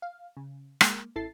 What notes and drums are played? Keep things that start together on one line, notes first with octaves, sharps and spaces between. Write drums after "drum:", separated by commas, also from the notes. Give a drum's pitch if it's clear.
F5
C#3
G#3 A#3, drum: rim click
A1 E4 A4 A6 C7